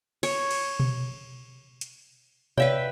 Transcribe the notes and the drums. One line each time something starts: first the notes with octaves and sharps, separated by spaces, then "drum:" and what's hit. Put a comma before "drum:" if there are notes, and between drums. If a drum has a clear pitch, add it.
C#5, drum: cymbal
drum: cymbal
drum: tom B2
drum: hi-hat
C3 B4 C#5 D5 E5 F5 G5